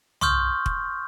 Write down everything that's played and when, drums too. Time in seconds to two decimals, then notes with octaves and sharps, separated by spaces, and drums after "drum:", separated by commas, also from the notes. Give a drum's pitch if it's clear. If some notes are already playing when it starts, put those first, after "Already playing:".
0.21 C6 C#6 D#6 F6 G6, drum: tom
0.66 drum: kick